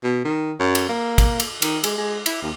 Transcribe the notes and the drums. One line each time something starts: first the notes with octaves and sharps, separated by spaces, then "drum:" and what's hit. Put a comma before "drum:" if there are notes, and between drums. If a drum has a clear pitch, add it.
B2
D#3
F#2
drum: cymbal
A#3
drum: kick, cymbal
drum: cymbal
D#3, drum: cymbal
G#3, drum: cymbal
G#3
E4, drum: cymbal
D#2